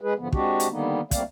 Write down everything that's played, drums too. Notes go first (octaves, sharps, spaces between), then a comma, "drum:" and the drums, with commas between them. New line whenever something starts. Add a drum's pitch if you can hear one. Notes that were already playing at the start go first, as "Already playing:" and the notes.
G#3 G#4 B4
G#2 D3 F3 B3
G#3 C4 D4 F#4 G4, drum: kick
drum: hi-hat
D3 D#3 G3 A#3 B3 D#4
G3 A3 A#3 C4 D5 F5, drum: kick, hi-hat